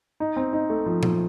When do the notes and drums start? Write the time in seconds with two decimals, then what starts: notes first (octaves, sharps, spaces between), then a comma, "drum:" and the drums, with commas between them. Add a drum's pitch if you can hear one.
0.20 D#4
0.36 C4
0.53 D#4
0.70 A3
0.86 F3
1.03 F3, drum: tom A#2